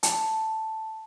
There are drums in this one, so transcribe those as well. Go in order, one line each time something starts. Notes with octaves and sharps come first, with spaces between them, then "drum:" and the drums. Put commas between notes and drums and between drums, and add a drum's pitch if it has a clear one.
A5, drum: hi-hat